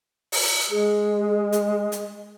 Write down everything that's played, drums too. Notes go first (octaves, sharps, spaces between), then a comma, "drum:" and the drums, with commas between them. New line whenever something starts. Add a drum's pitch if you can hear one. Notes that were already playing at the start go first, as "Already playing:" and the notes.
drum: open hi-hat
G#3 G#4
drum: hi-hat
drum: hi-hat